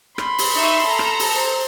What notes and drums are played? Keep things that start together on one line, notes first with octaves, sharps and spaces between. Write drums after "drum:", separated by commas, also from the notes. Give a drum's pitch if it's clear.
B5 C6, drum: rim click
drum: open hi-hat
D#4 E5 C#6
A4 A#5
drum: rim click
drum: open hi-hat
C5